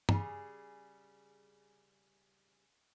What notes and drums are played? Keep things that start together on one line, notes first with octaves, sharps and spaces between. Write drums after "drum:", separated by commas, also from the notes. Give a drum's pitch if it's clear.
C#3 G3 G#4, drum: tom